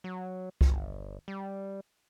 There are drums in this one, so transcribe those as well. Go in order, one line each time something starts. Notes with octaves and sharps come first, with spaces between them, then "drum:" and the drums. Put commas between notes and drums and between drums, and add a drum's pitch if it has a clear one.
F#3
G1, drum: kick C2
G3